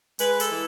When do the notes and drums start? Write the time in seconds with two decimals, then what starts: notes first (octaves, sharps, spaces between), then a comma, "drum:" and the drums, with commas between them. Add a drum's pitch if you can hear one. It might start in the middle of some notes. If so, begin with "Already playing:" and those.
0.19 G#3 B4, drum: hi-hat
0.40 A4, drum: hi-hat
0.50 E3